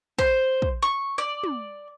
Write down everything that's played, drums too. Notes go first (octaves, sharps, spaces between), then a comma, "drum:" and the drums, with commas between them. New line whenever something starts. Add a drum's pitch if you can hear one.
C5, drum: kick
drum: kick
C#6
D5
drum: tom